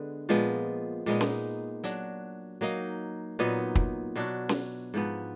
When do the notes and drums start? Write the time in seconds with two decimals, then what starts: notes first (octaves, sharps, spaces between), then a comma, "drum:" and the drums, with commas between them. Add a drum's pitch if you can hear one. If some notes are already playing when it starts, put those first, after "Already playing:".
Already playing: D3 G#3 B3
0.29 A#2 F3 G#3 B3
1.06 A#2 G#3 B3 D#4
1.21 drum: snare C#4
1.84 F#3 D4 F#4, drum: hi-hat
2.61 F#3 A#3 D#4
3.39 A#2 F#3 B3 D#4
3.75 drum: kick
4.16 B2 F#3 D4
4.49 drum: snare C#4
4.94 G#2 F3 B3